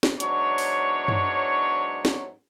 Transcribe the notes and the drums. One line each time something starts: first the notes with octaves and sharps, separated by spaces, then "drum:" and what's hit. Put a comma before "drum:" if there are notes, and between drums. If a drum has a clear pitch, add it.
drum: snare
E2 G#2 F#3 D4 C#5, drum: hi-hat
drum: open hi-hat
drum: tom F#2
drum: snare